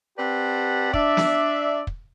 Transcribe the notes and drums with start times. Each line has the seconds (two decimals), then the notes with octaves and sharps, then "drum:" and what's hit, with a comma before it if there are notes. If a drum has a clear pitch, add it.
0.19 C4 G4 B4 D5 F#5 A5
0.94 D4 D5 E5, drum: kick
1.17 drum: snare
1.87 drum: kick